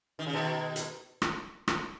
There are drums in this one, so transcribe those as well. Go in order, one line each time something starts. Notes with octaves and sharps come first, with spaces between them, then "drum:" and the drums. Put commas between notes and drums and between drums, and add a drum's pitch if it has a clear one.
D#3
C#3
B2 D#3
drum: hi-hat
drum: rim click
drum: rim click